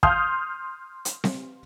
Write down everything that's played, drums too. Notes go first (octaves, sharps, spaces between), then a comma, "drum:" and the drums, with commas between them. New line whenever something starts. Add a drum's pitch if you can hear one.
C6 D#6 F6 G6, drum: kick
drum: hi-hat
drum: snare C4